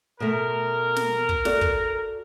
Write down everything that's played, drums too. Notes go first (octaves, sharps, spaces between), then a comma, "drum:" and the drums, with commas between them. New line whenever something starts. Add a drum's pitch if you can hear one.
B2 A3 A#4
drum: snare
drum: kick
F#4 A4 D5, drum: snare
drum: kick